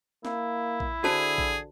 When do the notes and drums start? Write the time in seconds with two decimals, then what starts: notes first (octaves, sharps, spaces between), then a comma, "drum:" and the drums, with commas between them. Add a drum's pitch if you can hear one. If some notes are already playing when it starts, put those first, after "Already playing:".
0.25 A#3 E4, drum: snare
0.80 drum: kick A#1
1.04 D3 F#4 G#4 C5 A5, drum: snare
1.38 drum: kick A#1